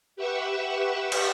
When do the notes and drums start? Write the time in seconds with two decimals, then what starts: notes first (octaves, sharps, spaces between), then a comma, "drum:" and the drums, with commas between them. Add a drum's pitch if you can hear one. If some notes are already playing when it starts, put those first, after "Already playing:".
0.16 G4 B4 E5 F#5 C#6 E6
1.12 drum: cymbal